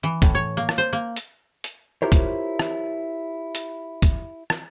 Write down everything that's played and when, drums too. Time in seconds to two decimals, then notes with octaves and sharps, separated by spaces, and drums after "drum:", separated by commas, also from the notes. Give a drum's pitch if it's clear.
0.03 E3
0.22 A2, drum: kick, hi-hat
0.35 C#5
0.57 A#3
0.69 drum: rim click
0.78 C5
0.93 A#3
1.17 drum: hi-hat
1.64 drum: hi-hat
2.02 E4 F4 G4 A#4 C5 C#5
2.12 drum: kick, hi-hat
2.59 drum: rim click
3.55 drum: hi-hat
4.02 drum: kick, hi-hat
4.50 drum: rim click